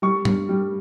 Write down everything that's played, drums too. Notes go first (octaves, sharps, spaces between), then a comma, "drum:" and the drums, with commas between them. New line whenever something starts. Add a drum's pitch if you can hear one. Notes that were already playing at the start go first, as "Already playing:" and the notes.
G3 C#6
G2, drum: tom G#2
G3